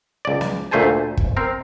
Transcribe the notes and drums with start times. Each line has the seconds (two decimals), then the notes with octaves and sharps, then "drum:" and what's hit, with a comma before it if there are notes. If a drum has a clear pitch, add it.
0.25 C#2 D5
0.41 drum: snare
0.71 D2 A#2 A3 C5 G#5 A5
1.17 drum: kick
1.37 C4 A#4